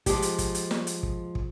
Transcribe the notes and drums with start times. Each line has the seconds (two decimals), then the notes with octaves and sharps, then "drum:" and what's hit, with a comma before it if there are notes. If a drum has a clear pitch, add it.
0.06 F3 G#3 G4, drum: kick, hi-hat
0.22 drum: hi-hat
0.38 drum: kick, hi-hat
0.55 drum: hi-hat
0.71 drum: snare
0.87 drum: hi-hat
1.03 drum: kick
1.35 drum: kick